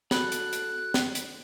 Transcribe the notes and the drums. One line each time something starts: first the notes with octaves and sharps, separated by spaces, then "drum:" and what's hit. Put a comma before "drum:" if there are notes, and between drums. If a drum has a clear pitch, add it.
F#4 A4 B5 F#6, drum: snare
drum: hi-hat
drum: hi-hat
drum: snare
drum: hi-hat